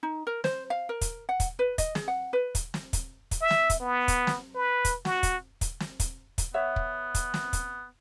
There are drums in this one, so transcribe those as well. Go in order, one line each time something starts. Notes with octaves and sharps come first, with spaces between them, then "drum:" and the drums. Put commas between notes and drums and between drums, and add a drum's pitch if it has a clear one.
D#4
A#4
C5, drum: snare
F5
A#4
drum: kick, hi-hat
F#5
drum: kick, hi-hat
B4
D#5, drum: kick, hi-hat
G#4, drum: snare
F#5
B4
drum: kick, hi-hat
drum: snare
drum: kick, hi-hat
drum: kick, hi-hat
E5
drum: snare
drum: kick, hi-hat
B3
drum: kick, hi-hat
drum: snare
B4
drum: kick, hi-hat
F#4, drum: snare
drum: kick, hi-hat
drum: kick, hi-hat
drum: snare
drum: kick, hi-hat
drum: kick, hi-hat
B3 C#5 E5 F#5
drum: kick
drum: kick, hi-hat
drum: snare
drum: kick, hi-hat